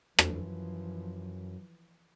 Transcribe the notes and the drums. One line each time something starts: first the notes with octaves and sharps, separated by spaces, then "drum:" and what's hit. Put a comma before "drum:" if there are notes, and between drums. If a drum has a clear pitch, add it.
F#2 E3 F3, drum: rim click